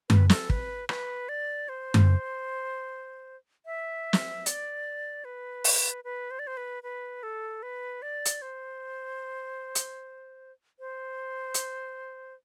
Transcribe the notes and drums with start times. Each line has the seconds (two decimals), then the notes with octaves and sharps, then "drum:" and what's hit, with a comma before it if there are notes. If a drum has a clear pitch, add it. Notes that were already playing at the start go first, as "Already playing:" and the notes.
0.10 B4, drum: tom F#2
0.30 A4, drum: snare
0.50 B4, drum: kick
0.89 B4, drum: rim click
1.29 D5
1.69 C5
1.94 drum: tom F#2
3.66 E5
4.13 drum: snare
4.46 D5, drum: hi-hat
5.25 B4
5.64 drum: open hi-hat
6.04 B4
6.31 C5
6.39 D5
6.47 C5
6.57 B4
6.83 B4
7.23 A4
7.63 B4
8.02 D5
8.25 drum: hi-hat
8.42 C5
9.75 drum: hi-hat
10.80 C5
11.54 drum: hi-hat